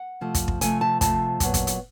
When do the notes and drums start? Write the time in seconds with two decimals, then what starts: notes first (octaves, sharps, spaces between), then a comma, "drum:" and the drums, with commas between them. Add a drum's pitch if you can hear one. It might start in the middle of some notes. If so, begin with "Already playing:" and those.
Already playing: F#5
0.21 C3 F3 A3
0.35 drum: kick, hi-hat
0.48 drum: kick
0.61 C3 F3 A3 G#5, drum: hi-hat
0.81 A5
1.01 C3 F3 A3 A5, drum: kick, hi-hat
1.40 A#2 F#3 B3, drum: kick, hi-hat
1.54 drum: kick, hi-hat
1.67 drum: hi-hat